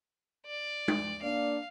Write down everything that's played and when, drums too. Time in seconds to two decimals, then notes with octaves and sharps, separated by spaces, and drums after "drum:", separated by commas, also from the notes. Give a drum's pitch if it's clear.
0.46 D5
0.88 drum: tom
1.23 A#3 D4 D5 F5